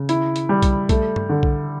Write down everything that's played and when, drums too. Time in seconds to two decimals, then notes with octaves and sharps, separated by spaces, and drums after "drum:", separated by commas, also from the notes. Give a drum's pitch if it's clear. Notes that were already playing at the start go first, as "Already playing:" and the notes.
Already playing: C#3
0.09 E4, drum: hi-hat
0.36 drum: hi-hat
0.49 G3
0.63 drum: kick, hi-hat
0.89 A3, drum: kick, hi-hat
1.16 drum: tom G2
1.29 D3
1.43 drum: kick